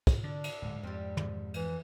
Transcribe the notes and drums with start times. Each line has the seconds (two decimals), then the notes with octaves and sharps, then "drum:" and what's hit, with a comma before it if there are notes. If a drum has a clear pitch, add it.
0.07 drum: kick, cymbal
0.24 D3 D4
0.44 drum: cymbal
0.62 D1 G#2
0.83 F2 G3 C4
1.17 drum: tom
1.54 E3, drum: cymbal